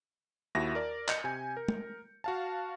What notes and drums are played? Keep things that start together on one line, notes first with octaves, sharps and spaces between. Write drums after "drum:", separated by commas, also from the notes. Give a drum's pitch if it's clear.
D#2 E4 F#4 E5 A#6
A#4 D5
D#5 G6 C#7, drum: clap
C3 G#5
A#4
drum: tom
F#4 F5 A5